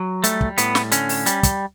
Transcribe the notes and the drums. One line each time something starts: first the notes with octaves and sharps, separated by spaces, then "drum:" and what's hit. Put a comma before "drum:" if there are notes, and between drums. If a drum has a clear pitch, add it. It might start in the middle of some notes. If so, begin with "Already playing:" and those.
Already playing: F#3
G3 A3, drum: hi-hat
drum: kick
A2 B3, drum: hi-hat
drum: snare
D3 C#4, drum: hi-hat
drum: open hi-hat
G3, drum: hi-hat
drum: kick, hi-hat